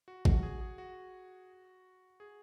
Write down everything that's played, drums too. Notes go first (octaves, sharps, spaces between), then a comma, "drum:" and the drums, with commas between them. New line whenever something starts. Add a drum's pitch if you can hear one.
F#4
F#4, drum: kick G#1
G#4
G#4
F#4
G#4